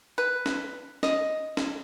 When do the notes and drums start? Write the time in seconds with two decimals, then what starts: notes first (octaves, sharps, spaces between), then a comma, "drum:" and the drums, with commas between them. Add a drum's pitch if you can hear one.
0.18 B4
0.46 drum: snare
1.03 D#5, drum: snare
1.57 drum: snare